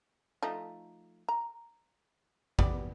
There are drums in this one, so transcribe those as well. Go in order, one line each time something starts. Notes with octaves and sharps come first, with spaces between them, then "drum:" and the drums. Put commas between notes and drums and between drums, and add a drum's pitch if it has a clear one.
F3 A3 D#4
A#5
G3 B3 D5, drum: kick